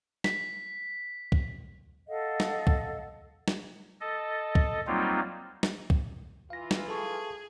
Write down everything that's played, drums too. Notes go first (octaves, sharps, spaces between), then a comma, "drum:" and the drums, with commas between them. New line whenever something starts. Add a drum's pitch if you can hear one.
B6, drum: snare
drum: kick
A4 D#5 F5 F#5
drum: snare
drum: kick
drum: snare
A4 D#5
drum: kick
F#3 G3 A#3 C4 D#4 F4
drum: snare
drum: kick
E3 F4 F5 A#6
drum: snare
G#4 A4 A5 C#6